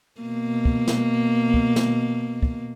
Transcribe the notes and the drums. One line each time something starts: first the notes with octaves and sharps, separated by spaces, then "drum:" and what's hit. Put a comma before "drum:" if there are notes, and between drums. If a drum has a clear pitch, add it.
B2 A#3
drum: kick
drum: snare
drum: kick
drum: snare
drum: kick